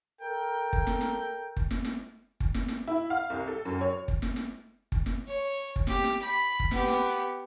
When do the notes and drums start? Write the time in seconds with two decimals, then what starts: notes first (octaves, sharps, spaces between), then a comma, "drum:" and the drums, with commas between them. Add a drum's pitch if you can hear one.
0.19 A4 A#4 G5
0.73 drum: kick
0.87 drum: snare
1.01 drum: snare
1.57 drum: kick
1.71 drum: snare
1.85 drum: snare
2.40 drum: kick
2.54 drum: snare
2.68 drum: snare
2.87 E4
3.10 F5
3.30 C2
3.47 A4
3.65 F#2
3.81 C#5
4.08 drum: kick
4.22 drum: snare
4.36 drum: snare
4.92 drum: kick
5.06 drum: snare
5.27 C#5
5.76 drum: kick
5.87 G4, drum: snare
6.04 drum: snare
6.22 B5
6.60 drum: kick
6.71 B3 G4, drum: snare
6.88 drum: snare